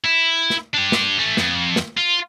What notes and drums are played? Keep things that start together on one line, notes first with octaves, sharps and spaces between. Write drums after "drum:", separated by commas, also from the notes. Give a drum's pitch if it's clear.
E4
drum: snare
D4 G4
drum: snare
A3 C#4
F2, drum: snare
drum: snare
F4